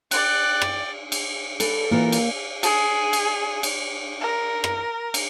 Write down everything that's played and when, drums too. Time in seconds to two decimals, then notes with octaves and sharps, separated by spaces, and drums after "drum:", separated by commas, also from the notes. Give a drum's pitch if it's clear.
0.11 D5 G5 F#6, drum: cymbal
0.62 drum: rim click
1.12 drum: cymbal
1.60 A4 B4, drum: cymbal
1.91 E3 A#3 F4 A#4
2.12 drum: cymbal
2.63 G#4, drum: cymbal
3.13 drum: cymbal
3.63 drum: cymbal
4.21 A#4
4.64 drum: rim click
5.14 drum: cymbal